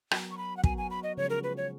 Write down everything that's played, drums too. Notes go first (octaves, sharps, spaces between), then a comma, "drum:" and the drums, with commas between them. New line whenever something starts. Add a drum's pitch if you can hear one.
F#3 B3 F#4 A#4, drum: rim click
C#6
B5
F#5
F#3 B3 F#4 A#4 G#5, drum: kick
G#5
B5
D#5
C#3 F3 G#3 C#4 C#5
A#4
B4
C#5